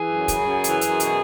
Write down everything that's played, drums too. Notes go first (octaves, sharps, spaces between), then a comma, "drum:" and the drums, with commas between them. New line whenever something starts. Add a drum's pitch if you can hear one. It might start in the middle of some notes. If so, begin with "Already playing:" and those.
Already playing: E3 G#4
F#2
C#3, drum: kick, hi-hat
F#2
E3, drum: hi-hat
F#2, drum: hi-hat
B2, drum: hi-hat